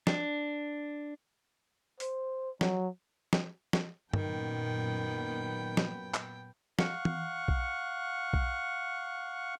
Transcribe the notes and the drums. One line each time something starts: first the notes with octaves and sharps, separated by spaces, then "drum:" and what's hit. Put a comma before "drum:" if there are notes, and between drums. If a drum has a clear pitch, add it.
D4, drum: snare
C5, drum: hi-hat
F#3, drum: snare
drum: snare
drum: snare
F#2 A#2 D#3 B3 G5, drum: tom G2
drum: snare
drum: clap
F5 F#5 C#6, drum: snare
drum: tom
drum: kick B1
drum: kick B1